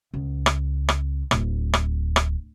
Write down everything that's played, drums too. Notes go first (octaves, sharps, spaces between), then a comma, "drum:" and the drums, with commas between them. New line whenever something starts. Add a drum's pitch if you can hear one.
C#2
drum: rim click
drum: rim click
D1, drum: rim click
drum: rim click
drum: rim click